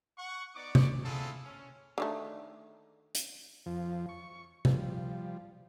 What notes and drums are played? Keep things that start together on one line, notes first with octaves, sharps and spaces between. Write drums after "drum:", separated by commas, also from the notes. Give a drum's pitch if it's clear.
F#5 C#6
B3 D#4 D5 C#6 D6
drum: tom C3
C4 D4 E4 F4 G#4 A4
C#4
D3 D#3 A3
drum: hi-hat
F2 F3
C#6
F3 G3, drum: tom C3